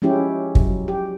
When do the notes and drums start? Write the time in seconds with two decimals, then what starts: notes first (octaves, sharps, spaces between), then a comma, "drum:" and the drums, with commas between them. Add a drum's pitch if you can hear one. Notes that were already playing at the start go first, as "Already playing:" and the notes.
0.02 F3 G#3 C#4 E4 G4
0.55 F#3, drum: kick
0.88 G4